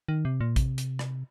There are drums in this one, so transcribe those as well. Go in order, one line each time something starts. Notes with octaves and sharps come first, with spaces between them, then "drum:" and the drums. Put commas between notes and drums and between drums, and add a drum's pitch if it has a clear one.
D#3
C3
A#2
C3, drum: kick, hi-hat
drum: hi-hat
drum: rim click